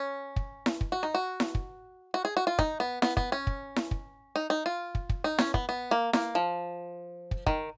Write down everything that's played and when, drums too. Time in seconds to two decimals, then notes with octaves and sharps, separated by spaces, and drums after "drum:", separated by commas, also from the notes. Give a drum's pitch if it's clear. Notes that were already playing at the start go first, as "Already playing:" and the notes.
Already playing: C#4
0.36 drum: kick
0.66 drum: snare E4
0.81 drum: kick
0.92 F#4
1.03 D#4
1.15 F#4
1.40 drum: snare E4
1.55 drum: kick
2.14 F#4
2.25 G#4
2.37 F#4
2.47 F4
2.59 D#4, drum: kick
2.80 B3
3.02 B3, drum: snare E4
3.17 B3, drum: kick
3.32 C#4
3.47 drum: kick
3.76 drum: snare E4
3.91 drum: kick
4.36 D#4
4.50 D#4
4.66 F4
4.95 drum: kick
5.09 drum: kick
5.24 D#4
5.39 C#4, drum: snare E4
5.54 B3, drum: kick
5.69 B3
5.91 A#3
6.13 A#3, drum: snare E4
6.35 F3
7.31 drum: kick
7.46 D#3, drum: kick